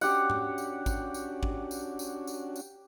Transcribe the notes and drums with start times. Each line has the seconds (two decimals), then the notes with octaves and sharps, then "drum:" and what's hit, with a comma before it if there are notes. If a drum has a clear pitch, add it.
0.01 C#4 D4 F#4 G4 F#5, drum: tambourine
0.30 drum: tom G#2
0.58 drum: tambourine
0.86 drum: kick G#1, tambourine
1.14 drum: tambourine
1.43 drum: kick G#1
1.71 drum: tambourine
1.99 drum: tambourine
2.27 drum: tambourine
2.56 drum: tambourine